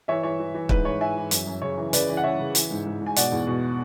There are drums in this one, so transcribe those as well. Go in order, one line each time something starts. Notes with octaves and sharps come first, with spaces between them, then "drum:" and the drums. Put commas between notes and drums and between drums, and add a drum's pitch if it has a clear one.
E3 C#5 E5
E3 C#5
E3
E3
G#2 B4, drum: kick
E3 C#5
E3 E5 G#5
E3
F#2, drum: hi-hat
F#2
C#3 C#5
E3
C#3 B4 D5, drum: hi-hat
E3
F#5
C#3 C#5 E5
C#3
E3, drum: hi-hat
G#2
G#2
G#2
G#5
B2 D5 F#5, drum: hi-hat
E2
B2